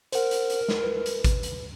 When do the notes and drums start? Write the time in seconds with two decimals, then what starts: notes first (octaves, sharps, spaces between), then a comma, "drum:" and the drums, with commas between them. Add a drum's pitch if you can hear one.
0.12 A#4 C5 F#5, drum: hi-hat
0.31 drum: hi-hat
0.50 drum: hi-hat
0.68 drum: snare
0.84 B4
1.06 drum: hi-hat
1.24 drum: kick G#1, hi-hat
1.43 drum: hi-hat